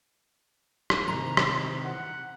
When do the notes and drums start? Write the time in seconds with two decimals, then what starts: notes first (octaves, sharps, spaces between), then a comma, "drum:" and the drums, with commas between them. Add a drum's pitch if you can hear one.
0.90 drum: rim click
1.08 C3 D#3 E3 A#5
1.37 drum: rim click
1.85 F#5